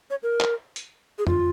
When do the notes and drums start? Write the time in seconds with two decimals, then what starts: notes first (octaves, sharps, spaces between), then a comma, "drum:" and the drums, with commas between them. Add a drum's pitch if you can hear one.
0.10 C#5
0.23 A#4
0.41 drum: clap
0.76 drum: hi-hat
1.18 G#4
1.27 F4, drum: tom F2